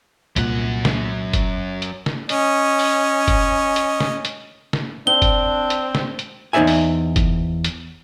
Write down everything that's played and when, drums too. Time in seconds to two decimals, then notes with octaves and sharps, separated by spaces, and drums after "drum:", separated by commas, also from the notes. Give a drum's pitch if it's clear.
0.36 C2 F#2 A#2 F#5, drum: hi-hat
0.85 drum: snare
1.33 drum: kick, hi-hat
1.82 drum: hi-hat
2.06 drum: snare
2.29 C#4 D#5, drum: hi-hat
2.79 drum: open hi-hat
3.28 drum: kick, hi-hat
3.76 drum: hi-hat
4.00 drum: snare
4.25 drum: hi-hat
4.73 drum: snare
5.07 C4 D4 G7
5.22 drum: kick, hi-hat
5.70 drum: hi-hat
5.95 drum: snare
6.19 drum: hi-hat
6.53 E2 D#4 C5 D5 E5 G#5
6.67 drum: open hi-hat
7.16 drum: kick, hi-hat
7.64 drum: hi-hat